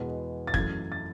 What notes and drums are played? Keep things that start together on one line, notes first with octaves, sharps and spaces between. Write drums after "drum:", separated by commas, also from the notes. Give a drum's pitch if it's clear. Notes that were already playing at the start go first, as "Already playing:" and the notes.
Already playing: E2 B2 G#3 B3
A6
F#2 E3 A3 G#6, drum: kick
A6